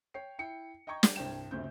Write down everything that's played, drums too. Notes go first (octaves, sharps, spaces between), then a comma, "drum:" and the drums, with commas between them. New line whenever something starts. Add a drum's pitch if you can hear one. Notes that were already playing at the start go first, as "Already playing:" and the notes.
C#5 G5 C7
E4 G5 C#7
D#5 G5 A#5 C#6 G#6
G3, drum: snare
C2 G2 C5 G5 E7
G1 D2 C#3 C4 G6